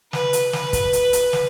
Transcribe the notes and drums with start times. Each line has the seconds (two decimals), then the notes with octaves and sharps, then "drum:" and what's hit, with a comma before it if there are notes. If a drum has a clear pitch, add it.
0.13 B4, drum: snare
0.33 drum: hi-hat
0.53 B4, drum: snare
0.73 drum: kick, hi-hat
0.93 drum: hi-hat
1.13 drum: hi-hat
1.33 drum: snare